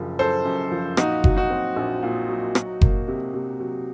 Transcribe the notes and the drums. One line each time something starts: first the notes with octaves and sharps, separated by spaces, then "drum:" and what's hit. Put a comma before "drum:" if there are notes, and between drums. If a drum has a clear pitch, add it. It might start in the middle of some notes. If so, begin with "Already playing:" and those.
Already playing: F#1 F#2 F3
F#1 A4 C5
F#2
F3
A#2 D#4 F#4, drum: rim click
F#3, drum: kick F#1
D#4 F#4
C4
A#1
A#2
F#3
F#3, drum: rim click
A#3, drum: kick F#1
C3
C3
F#3